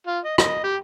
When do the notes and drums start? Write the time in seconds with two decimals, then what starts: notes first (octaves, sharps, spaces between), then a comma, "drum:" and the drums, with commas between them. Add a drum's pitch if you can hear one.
0.07 F4
0.25 D#5
0.38 D#5, drum: rim click
0.64 G4